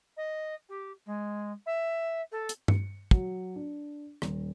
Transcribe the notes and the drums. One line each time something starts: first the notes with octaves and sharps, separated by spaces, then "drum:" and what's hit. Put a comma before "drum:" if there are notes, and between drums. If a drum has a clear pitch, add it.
D#5
G4
G#3
E5
A4
drum: hi-hat
C#7, drum: tom G2
F#3, drum: kick
D4
D#1, drum: rim click